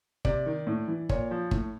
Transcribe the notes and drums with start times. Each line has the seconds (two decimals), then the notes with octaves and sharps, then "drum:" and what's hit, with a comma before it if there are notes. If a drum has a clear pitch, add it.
0.25 C3 D5, drum: kick
0.46 D#3
0.67 A2
0.88 E3
1.09 A#2 C#5, drum: kick
1.31 F3
1.51 A2, drum: kick